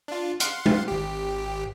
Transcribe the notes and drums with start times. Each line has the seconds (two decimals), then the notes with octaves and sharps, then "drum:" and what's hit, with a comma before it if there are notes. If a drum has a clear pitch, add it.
0.08 D4 F4
0.40 F5 F#5 C6, drum: hi-hat
0.66 drum: tom
0.88 G#1 G4